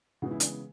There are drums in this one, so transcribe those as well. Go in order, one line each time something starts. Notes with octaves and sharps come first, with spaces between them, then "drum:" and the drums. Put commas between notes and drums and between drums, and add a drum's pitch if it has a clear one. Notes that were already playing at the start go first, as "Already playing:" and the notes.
C#3 E3 G#3 B3 F#4
E4
D4, drum: hi-hat